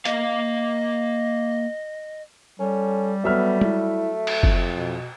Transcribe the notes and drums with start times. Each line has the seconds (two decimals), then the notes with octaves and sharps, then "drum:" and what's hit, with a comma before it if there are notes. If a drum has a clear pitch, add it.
0.05 A#3 D#5 F5, drum: hi-hat
2.60 G3 C#4 A4
3.24 F#3 A3 B3 E5 F6
3.61 E4, drum: tom
4.27 drum: cymbal
4.43 F2, drum: kick
4.78 B2